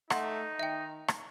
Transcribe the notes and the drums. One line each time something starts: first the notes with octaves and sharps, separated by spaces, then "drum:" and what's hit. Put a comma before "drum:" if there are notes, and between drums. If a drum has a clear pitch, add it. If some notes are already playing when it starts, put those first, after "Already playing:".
A3 D#4 F#5 C6, drum: rim click
D#3 E5 G5
drum: rim click